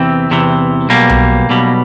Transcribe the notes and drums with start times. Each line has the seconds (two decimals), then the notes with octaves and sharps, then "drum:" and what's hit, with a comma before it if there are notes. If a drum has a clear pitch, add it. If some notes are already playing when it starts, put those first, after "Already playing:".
Already playing: E2 C3 E3 C4
0.30 E2 C3 E3
0.89 B1 B2 G3 A#3
1.10 drum: tom B1
1.49 B1 B2 G3